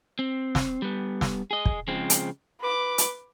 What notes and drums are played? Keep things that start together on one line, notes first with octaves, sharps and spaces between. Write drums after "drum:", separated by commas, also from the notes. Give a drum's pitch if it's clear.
C4
drum: snare
G3 B3
drum: snare
G#4 D#5
drum: kick
C#3 F3 G#3 C4
drum: hi-hat
B4 D6
drum: hi-hat